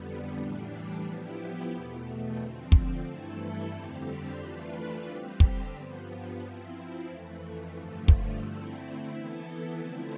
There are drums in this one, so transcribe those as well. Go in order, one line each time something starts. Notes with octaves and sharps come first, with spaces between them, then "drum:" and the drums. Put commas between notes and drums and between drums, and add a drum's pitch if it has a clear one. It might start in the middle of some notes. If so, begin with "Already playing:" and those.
Already playing: F2 D3 G3 B3
A2 E3 G3 D4
F3 B3 E4 G4
E2 B2 A3
D3 F3 C4
drum: kick
G2 E3 A3 E4 A4
F2 D3 G3 C4 G4
E3 A3 D4 F4 B4
D3 G3 C4 G4
drum: kick
G2 F3 B3
F3 C4 E4
F2 E3 A3
G2 D3 F3 A3
drum: kick
D3 A3 C4 E4
E3 B3 E4 A4
D3 F3 A3 C4 E4